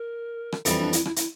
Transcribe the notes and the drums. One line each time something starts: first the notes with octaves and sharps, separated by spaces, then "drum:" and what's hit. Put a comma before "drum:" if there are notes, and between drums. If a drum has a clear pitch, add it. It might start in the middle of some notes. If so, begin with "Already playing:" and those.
Already playing: A#4
drum: rim click
F2 E3 G3 A4, drum: hi-hat
D4
E4, drum: hi-hat
E4, drum: rim click
E4, drum: hi-hat